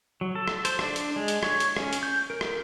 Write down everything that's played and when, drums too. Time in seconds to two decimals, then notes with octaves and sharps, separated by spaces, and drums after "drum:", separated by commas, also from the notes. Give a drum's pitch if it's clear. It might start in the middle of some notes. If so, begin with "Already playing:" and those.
0.21 F#3
0.35 A4
0.48 drum: rim click
0.65 C5, drum: hi-hat
0.79 D4, drum: rim click
0.96 drum: hi-hat
1.16 G#3
1.28 drum: hi-hat
1.43 C#5, drum: rim click
1.60 drum: hi-hat
1.76 C#4, drum: rim click
1.93 drum: hi-hat
2.03 G6
2.30 A#4
2.41 drum: rim click